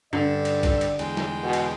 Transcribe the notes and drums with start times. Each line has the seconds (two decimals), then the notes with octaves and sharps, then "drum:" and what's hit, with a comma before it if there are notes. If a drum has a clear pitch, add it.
0.13 G2 D3 G4 A4 D5
0.45 drum: cymbal
0.63 drum: kick, cymbal
0.81 drum: cymbal
0.99 E2 G#3 G5, drum: cymbal
1.17 drum: snare
1.43 B2
1.53 drum: cymbal